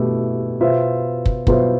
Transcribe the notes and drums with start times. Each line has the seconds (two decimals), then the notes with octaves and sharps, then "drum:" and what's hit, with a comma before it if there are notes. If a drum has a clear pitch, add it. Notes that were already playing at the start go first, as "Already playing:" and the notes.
Already playing: B2 A3 E4 G4
0.60 B2 B3 F4 C5 E5
1.25 drum: kick
1.47 B2 B3 F4 C5 E5, drum: kick